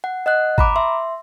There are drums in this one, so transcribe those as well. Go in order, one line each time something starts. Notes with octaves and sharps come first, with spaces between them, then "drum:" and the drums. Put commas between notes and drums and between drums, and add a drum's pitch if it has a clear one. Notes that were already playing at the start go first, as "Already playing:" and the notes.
F#5
D#5 F#5 F#6
A#5 B5 D6, drum: kick
E5 C6